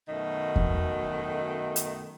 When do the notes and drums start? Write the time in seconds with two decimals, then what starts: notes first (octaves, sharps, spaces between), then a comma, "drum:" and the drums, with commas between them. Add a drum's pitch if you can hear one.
0.09 F#2 B2 D#3 A3
0.56 drum: kick E2
1.76 drum: hi-hat